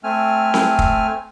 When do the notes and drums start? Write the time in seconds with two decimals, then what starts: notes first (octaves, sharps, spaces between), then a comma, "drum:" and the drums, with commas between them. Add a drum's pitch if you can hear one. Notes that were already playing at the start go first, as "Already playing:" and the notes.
0.04 A3 C4 G#5 F6
0.54 drum: snare C4
0.79 drum: kick